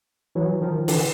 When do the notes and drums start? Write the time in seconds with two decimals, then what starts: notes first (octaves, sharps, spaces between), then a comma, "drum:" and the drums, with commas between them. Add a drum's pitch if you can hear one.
0.35 E3 F#3
0.61 D#3 F3
0.88 D3 E3, drum: open hi-hat